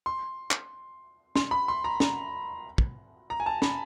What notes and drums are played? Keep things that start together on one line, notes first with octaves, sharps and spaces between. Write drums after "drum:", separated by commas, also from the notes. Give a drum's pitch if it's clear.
C6
drum: clap
C6, drum: snare
B5
C6
A#5
A#5, drum: snare
drum: kick
A#5
G#5
A5
B5, drum: snare